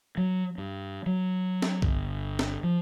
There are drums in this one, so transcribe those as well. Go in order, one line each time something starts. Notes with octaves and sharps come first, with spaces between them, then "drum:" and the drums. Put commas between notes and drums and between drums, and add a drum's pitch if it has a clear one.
F#3
G2
F#3
drum: snare
G1, drum: kick B1
drum: snare
F3